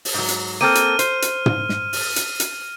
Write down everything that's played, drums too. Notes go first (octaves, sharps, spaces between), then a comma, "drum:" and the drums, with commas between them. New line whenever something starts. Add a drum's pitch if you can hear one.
drum: open hi-hat
G#2 F#3
drum: hi-hat
A#3 C4 A4 F6 D#7
drum: hi-hat
C5, drum: hi-hat
drum: hi-hat
drum: tom
drum: snare
drum: open hi-hat
drum: hi-hat
drum: hi-hat